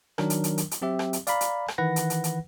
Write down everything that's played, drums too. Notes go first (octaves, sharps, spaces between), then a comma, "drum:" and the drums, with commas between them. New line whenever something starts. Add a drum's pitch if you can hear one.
D#3 F#3 D4 A#4, drum: rim click
drum: hi-hat
drum: hi-hat
drum: hi-hat
drum: hi-hat
F#3 C4 G4 E5
drum: rim click
drum: hi-hat
D5 F5 A#5 B5, drum: hi-hat
drum: hi-hat
drum: rim click
D#3 E3 B4 F#5 A#6
drum: hi-hat
drum: hi-hat
drum: hi-hat